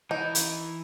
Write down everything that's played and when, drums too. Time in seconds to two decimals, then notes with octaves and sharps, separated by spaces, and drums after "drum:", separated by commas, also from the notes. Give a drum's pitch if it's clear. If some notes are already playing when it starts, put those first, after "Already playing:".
0.11 E3 D#4
0.35 drum: hi-hat